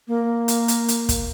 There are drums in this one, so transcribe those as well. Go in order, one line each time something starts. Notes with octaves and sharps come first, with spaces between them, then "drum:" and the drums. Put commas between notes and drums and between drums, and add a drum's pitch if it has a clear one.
A#3
drum: hi-hat
drum: hi-hat
drum: hi-hat
drum: kick, hi-hat